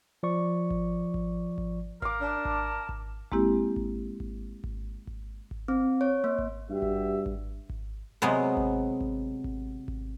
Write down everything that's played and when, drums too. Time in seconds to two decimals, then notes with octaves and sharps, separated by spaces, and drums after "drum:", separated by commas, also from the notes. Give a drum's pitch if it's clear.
0.23 F3 D5 C#6
0.70 drum: kick G#1
1.14 drum: kick G#1
1.58 drum: kick G#1
2.02 A#4 F5 D6, drum: kick G#1
2.21 D4 A5
2.45 drum: kick G#1
2.89 drum: kick G#1
3.32 G#3 A#3 C4 E4 G4, drum: kick G#1
3.76 drum: kick G#1
4.20 drum: kick G#1
4.64 drum: kick G#1
5.07 drum: kick G#1
5.51 drum: kick G#1
5.68 C4
6.01 C#5
6.24 A#3
6.38 drum: kick G#1
6.70 G2 F#4 G4 E5
6.82 drum: kick G#1
7.26 drum: kick G#1
7.70 drum: kick G#1
8.22 C3 F#3 G#3 B3
8.57 drum: kick G#1
9.01 drum: kick G#1
9.44 drum: kick G#1
9.88 drum: kick G#1